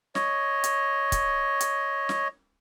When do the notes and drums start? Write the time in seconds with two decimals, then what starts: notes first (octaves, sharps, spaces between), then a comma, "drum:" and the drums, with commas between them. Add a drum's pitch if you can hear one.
0.15 C#5 D#5, drum: snare
0.64 drum: hi-hat
1.12 drum: kick, hi-hat
1.61 drum: hi-hat
2.09 drum: snare